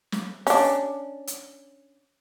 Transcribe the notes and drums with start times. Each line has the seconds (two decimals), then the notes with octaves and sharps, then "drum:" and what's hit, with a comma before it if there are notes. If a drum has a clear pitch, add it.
0.12 drum: snare
0.47 C#4 D4, drum: open hi-hat
1.27 drum: hi-hat